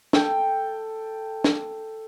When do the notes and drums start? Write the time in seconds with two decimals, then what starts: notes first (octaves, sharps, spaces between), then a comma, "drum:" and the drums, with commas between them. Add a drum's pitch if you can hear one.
0.13 A4 G5, drum: snare
1.44 drum: snare